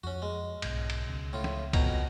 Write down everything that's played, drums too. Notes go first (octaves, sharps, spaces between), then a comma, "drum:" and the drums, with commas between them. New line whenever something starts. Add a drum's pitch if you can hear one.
F2 C#4 F#4
G#3
B1 G#2, drum: cymbal
drum: cymbal
C#2
A2 F4
drum: snare
F2 B2 A#5, drum: kick C2, cymbal